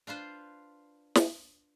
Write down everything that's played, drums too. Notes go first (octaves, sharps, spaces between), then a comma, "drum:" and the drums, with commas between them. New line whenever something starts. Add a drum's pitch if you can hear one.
D4 F4 B4 C5
drum: snare